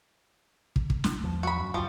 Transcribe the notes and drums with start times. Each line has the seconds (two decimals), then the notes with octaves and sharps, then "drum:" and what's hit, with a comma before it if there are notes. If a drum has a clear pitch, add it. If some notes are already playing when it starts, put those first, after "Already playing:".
0.76 drum: kick
0.90 drum: kick
1.04 drum: snare
1.23 E2 F3
1.43 F#4 B5
1.59 F#2
1.74 C#2 F#2 F3 G3